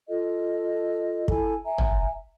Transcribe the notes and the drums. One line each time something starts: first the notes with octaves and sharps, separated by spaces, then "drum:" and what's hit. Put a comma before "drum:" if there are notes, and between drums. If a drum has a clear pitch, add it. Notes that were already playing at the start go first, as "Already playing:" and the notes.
F4 A4 D#5
E4 A4 G#5, drum: kick
E5 G#5 A#5
drum: tom